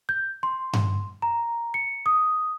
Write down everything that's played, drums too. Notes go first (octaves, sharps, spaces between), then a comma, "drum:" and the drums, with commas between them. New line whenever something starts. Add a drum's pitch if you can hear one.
G6
C6
drum: tom G2
A#5
C#7
D#6